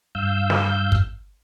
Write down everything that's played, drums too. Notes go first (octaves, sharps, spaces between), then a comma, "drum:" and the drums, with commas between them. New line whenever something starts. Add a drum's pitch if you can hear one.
G2 F5 E6 G6
drum: snare
drum: kick